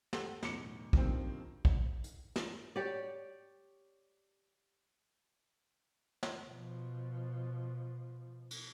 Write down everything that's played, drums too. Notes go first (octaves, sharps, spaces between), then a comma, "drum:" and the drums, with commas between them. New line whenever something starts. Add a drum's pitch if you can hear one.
G4 A4 F#5, drum: snare
B1 E2 A2 D6 C#7, drum: snare
G2 B2 D#3 F3 A#3 C4, drum: kick
drum: kick
drum: hi-hat
drum: snare
G4 C#5 D5
drum: snare
B2 F3
drum: cymbal